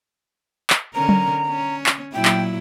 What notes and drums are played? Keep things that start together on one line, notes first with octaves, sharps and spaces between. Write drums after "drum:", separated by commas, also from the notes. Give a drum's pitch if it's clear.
drum: clap
D3 C#4 A#4 A#5
drum: tom F#3
C#4
drum: clap
A#2 F#3 E4 G5
drum: clap